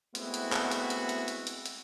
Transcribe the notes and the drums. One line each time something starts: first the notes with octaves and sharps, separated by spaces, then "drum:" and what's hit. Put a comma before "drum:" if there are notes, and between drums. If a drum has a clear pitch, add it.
G#3 A3 B3 C4 E4 F#4, drum: hi-hat
drum: hi-hat
drum: clap
drum: hi-hat
drum: hi-hat
drum: hi-hat
drum: hi-hat
drum: hi-hat
drum: hi-hat